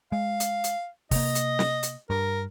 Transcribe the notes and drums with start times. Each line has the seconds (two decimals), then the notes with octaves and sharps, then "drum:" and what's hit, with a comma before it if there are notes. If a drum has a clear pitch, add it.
0.12 G#3 F5
0.40 drum: hi-hat
0.64 drum: hi-hat
1.11 C3 A#3 D#5, drum: kick, open hi-hat
1.35 drum: hi-hat
1.59 drum: snare
1.83 drum: hi-hat
2.10 G2 A#4